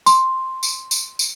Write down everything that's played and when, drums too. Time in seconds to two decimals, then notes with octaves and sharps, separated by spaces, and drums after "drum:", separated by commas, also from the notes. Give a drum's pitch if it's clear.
0.06 C6, drum: tambourine
0.63 drum: tambourine
0.91 drum: tambourine
1.19 drum: tambourine